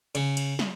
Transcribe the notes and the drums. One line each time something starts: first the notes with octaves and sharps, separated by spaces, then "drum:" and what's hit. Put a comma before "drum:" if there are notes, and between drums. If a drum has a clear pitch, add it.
C#3, drum: cymbal
drum: cymbal
drum: snare